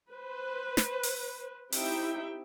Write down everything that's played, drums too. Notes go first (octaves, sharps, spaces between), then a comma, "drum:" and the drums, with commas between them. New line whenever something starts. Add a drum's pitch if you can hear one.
B4 C5
drum: snare
drum: open hi-hat
C4 D#4 E4 G4 E5 G5, drum: open hi-hat